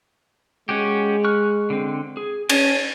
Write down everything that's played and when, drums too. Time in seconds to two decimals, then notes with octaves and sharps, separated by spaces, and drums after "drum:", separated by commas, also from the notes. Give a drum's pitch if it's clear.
0.69 G#3 C#4 F#4 G4
1.24 C#6 F6 F#6
1.70 D3 C4
2.17 G#4
2.49 C#4 G#5 A5, drum: cymbal